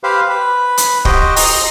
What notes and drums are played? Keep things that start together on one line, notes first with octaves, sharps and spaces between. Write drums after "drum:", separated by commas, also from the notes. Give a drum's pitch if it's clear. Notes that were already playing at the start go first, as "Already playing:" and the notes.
G4 B4 C5 F5
B4
drum: hi-hat
F#4 G4 C5 D#5 G5, drum: kick
D#5 A#5 C6, drum: open hi-hat